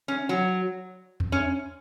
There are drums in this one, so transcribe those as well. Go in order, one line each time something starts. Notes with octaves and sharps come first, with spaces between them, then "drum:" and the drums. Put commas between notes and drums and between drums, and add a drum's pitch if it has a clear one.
C#4
F#3
drum: tom E2
C#4